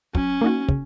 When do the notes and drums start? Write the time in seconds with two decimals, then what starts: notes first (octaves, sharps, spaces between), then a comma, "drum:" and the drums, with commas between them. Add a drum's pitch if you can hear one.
0.15 F#3 C#4, drum: kick
0.41 A#3 D#4 F#4
0.69 C#3, drum: kick